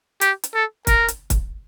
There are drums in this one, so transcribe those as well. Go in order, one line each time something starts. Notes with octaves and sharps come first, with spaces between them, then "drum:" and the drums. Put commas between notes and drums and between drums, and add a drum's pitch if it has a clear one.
G4, drum: hi-hat
drum: hi-hat
A4
A#4, drum: kick, hi-hat
drum: hi-hat
drum: kick, hi-hat